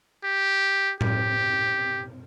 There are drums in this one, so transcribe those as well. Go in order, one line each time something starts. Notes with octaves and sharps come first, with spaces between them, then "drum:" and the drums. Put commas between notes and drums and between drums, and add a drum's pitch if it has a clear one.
G4
G4, drum: tom A2